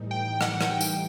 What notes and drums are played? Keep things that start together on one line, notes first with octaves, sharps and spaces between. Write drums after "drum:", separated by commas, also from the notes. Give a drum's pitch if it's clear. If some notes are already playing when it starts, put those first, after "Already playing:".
Already playing: A2 E3 G3 D#4
G5
F#5, drum: rim click
drum: rim click
G5
drum: tambourine